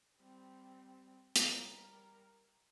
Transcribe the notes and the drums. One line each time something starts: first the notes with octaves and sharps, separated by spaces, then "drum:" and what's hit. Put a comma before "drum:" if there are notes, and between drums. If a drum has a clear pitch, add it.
G3 C4
G3 A#4, drum: hi-hat